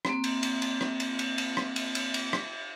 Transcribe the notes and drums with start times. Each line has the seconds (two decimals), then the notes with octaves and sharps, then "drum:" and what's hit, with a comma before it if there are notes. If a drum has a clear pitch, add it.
0.05 A#3 C4, drum: rim click
0.24 drum: cymbal
0.43 drum: cymbal
0.62 drum: cymbal
0.81 drum: rim click
1.00 drum: cymbal
1.19 drum: cymbal
1.38 drum: cymbal
1.57 drum: rim click
1.76 drum: cymbal
1.95 drum: cymbal
2.14 drum: cymbal
2.33 drum: rim click